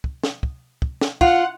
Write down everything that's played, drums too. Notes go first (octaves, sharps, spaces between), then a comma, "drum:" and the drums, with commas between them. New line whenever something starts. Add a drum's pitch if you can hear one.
drum: kick
drum: snare
drum: kick
drum: kick
drum: snare
F4 F#5, drum: kick